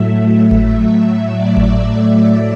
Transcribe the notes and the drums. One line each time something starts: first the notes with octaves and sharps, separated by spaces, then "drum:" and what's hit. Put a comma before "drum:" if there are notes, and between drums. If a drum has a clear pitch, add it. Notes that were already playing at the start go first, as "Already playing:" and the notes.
Already playing: A2 F#3 A3 E5
drum: kick G#1
D5
drum: kick G#1
E5